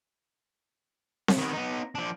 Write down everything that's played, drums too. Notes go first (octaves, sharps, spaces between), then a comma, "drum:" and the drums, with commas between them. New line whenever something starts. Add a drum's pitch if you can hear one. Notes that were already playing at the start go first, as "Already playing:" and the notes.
drum: snare C4
D#3 B3
B3 D#4
F3 D4